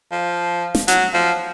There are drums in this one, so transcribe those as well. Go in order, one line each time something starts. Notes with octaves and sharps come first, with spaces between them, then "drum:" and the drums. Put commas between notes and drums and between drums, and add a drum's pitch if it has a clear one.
F3
drum: snare
F#3, drum: hi-hat
F3